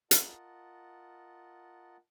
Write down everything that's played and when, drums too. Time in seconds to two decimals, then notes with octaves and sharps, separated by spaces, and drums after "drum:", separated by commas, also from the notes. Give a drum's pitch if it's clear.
0.11 F4 A#4 D#5 F#5 A5, drum: hi-hat